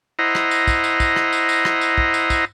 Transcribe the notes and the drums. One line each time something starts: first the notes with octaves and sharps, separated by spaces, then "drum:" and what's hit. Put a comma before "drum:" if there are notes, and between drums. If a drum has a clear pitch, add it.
E4 C5 D#5 F#5 A#5
drum: rim click
drum: tambourine
drum: kick, tambourine
drum: tambourine
drum: kick, tambourine
drum: rim click
drum: tambourine
drum: tambourine
drum: rim click
drum: tambourine
drum: kick
drum: tambourine
drum: kick, tambourine